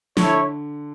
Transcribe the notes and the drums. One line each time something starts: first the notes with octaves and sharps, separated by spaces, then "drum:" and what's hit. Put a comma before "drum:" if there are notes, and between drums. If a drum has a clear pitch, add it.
D3 E4 A4 C#5, drum: snare